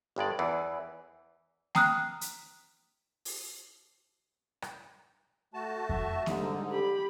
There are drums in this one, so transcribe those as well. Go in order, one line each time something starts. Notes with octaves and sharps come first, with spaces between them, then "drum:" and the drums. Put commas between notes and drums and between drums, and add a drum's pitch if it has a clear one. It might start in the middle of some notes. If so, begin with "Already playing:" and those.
G1 G2 G#3 D5
E2 E3
G5 A#5 D#6 F6 F#6, drum: snare A#3
drum: hi-hat
drum: open hi-hat
drum: rim click
A3 F#4 A5
E5, drum: kick F2
G#2 D3 G3 D#4, drum: snare A#3
G4 B5